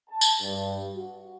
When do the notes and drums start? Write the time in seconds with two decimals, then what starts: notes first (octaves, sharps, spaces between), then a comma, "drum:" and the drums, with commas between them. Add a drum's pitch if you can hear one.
0.10 A5
0.21 drum: tambourine
0.41 G2
0.96 F#4